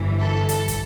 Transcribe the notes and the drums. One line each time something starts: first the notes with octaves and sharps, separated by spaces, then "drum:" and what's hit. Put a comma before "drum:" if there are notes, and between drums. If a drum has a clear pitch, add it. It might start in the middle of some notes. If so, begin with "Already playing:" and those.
Already playing: G1 G2 E3
A4
A4, drum: hi-hat
drum: kick, hi-hat